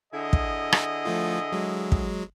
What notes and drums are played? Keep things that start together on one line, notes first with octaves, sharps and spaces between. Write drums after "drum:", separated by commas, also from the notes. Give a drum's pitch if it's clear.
D3 E4 G#4 D#5
drum: kick
drum: rim click
F3 A3 F4
F#3 G#3
drum: kick